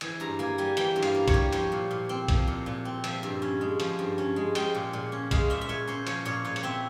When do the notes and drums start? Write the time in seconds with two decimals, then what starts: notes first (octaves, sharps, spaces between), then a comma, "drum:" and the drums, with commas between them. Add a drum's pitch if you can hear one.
0.01 E3 G#5, drum: cymbal
0.20 G2 A#5
0.39 A#3 G#5
0.58 G3 G#5
0.77 E3 G5, drum: cymbal
0.96 G2
1.03 F5, drum: cymbal
1.15 A#3
1.28 C#5, drum: kick B1, cymbal
1.34 G3
1.53 F3 C5, drum: cymbal
1.72 A#2
1.91 A#2
2.09 C4
2.28 F3, drum: kick B1, cymbal
2.47 A#2
2.66 A#2
2.85 C4
3.04 F3 E5, drum: cymbal
3.23 G2
3.42 C#4
3.61 G#3
3.80 F3, drum: cymbal
3.99 G2
4.18 C#4
4.36 G#3
4.55 G#3 G5, drum: cymbal
4.74 A#2
4.93 A#2
5.12 C#4
5.31 G#3 F5, drum: kick B1, cymbal
5.50 A#2 E5
5.61 E5
5.69 A#2 C#5
5.87 C#4 C5
6.07 F3 C#5, drum: cymbal
6.25 A#2 C#5
6.45 A#2 C#5
6.56 C#5, drum: cymbal
6.63 C4 E5